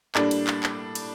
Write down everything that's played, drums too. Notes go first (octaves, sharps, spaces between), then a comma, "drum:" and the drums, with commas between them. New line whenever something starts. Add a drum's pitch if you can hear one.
A2 G3 A#3 D4, drum: clap
drum: cymbal
drum: clap
drum: clap
drum: cymbal